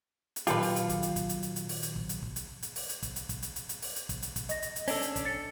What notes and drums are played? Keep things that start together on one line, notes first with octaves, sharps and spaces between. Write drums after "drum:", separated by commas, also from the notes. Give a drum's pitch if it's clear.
drum: hi-hat
A#2 D#3 F#3 F4 G4 A4 B4, drum: hi-hat
drum: open hi-hat
drum: hi-hat
drum: kick, hi-hat
drum: hi-hat
drum: kick, hi-hat
drum: hi-hat
drum: hi-hat
drum: hi-hat
drum: open hi-hat
drum: hi-hat
drum: kick
drum: hi-hat
drum: kick
drum: hi-hat
drum: hi-hat
drum: open hi-hat
drum: hi-hat
drum: kick, hi-hat
drum: hi-hat
drum: kick, hi-hat
drum: hi-hat
drum: hi-hat
drum: hi-hat
drum: open hi-hat
drum: hi-hat
drum: kick, hi-hat
drum: hi-hat
drum: kick, hi-hat
D#5 A#6, drum: hi-hat
drum: hi-hat
drum: hi-hat
C#4 D4 A4, drum: open hi-hat
drum: hi-hat
drum: kick, hi-hat
A6 C#7